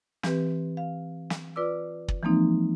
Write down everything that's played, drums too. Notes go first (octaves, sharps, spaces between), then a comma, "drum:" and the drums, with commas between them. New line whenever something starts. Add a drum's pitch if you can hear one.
E3 C4 G4 B4, drum: snare
F5
drum: snare
F4 B4 D5 D6 E6
drum: kick
E3 F3 G#3 A#3 C4 D#4